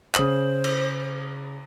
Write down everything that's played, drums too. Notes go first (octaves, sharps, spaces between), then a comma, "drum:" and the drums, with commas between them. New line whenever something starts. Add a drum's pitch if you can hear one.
C#3 C5 D#6 F#7, drum: clap
drum: cymbal